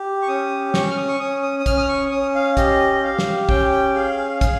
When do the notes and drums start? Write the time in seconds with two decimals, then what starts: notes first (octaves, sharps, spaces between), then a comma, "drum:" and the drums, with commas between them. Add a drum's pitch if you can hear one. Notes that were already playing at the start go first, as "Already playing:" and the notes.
Already playing: G4
0.22 C#6
0.28 C#4 D#6
0.74 C#4 C#6, drum: snare
0.90 F6
0.97 D#6
1.08 C#6
1.20 C#4 D#6
1.43 D#6
1.60 D#6
1.66 C#4 F6, drum: kick, hi-hat
1.77 D#6
1.88 C#6
2.11 C#4 D#6
2.35 F5
2.57 G4 D#5, drum: kick, hi-hat
2.94 D#5
3.03 G4 F5
3.19 drum: snare
3.49 C#4 G5, drum: kick
3.72 G5
3.94 G#4 F5
4.18 F5
4.41 G#4, drum: kick, hi-hat